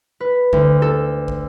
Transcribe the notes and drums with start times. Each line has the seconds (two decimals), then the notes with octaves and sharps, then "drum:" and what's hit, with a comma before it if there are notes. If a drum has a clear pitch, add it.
0.20 B4
0.53 D2, drum: kick
0.82 A4
1.28 drum: kick